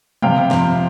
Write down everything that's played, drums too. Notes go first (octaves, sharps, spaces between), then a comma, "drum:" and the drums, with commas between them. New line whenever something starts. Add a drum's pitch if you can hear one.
C3 F5 G5, drum: tom
F2, drum: snare